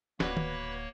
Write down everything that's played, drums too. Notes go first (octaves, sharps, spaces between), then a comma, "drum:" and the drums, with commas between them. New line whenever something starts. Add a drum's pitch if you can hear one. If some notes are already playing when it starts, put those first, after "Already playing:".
D1 A#3 B3 F#4 B4 C#5 D5, drum: snare
drum: tom D#3